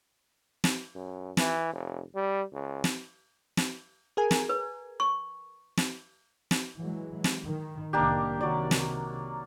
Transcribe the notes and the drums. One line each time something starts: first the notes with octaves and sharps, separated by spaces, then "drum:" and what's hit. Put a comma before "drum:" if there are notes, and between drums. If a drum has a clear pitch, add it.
drum: snare
F#2
E3, drum: snare
F1
G3
C#2
drum: snare
drum: snare
G#4 A#4 G#5
drum: snare
B4
C#6
drum: snare
drum: snare
E3 F#3 G#3
drum: snare
D#3
C2 A2 D#3 A#3 D4 G4
C3 D#3 F#3 D5
drum: snare